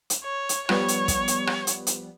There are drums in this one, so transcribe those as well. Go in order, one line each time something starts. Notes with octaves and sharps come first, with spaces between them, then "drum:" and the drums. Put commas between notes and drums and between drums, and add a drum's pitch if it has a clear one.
drum: hi-hat
C#5
drum: hi-hat
F3 G3 B3 C#5, drum: rim click
drum: hi-hat
drum: kick, hi-hat
drum: hi-hat
drum: rim click
drum: hi-hat
drum: hi-hat